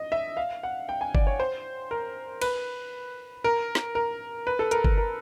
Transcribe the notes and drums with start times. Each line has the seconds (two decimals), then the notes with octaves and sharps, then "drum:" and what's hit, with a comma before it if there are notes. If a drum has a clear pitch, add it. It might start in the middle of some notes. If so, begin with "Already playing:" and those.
Already playing: D#5
0.12 E5
0.37 F5
0.63 F#5
0.89 G5
1.01 G#5
1.15 D5, drum: kick G1
1.27 C#5
1.40 C5
1.91 A#4
2.42 B4, drum: cymbal
3.44 A#4
3.75 drum: snare
3.95 A#4
4.47 B4
4.59 A4
4.71 A#4, drum: hi-hat
4.84 A#4, drum: kick G1
4.98 A#4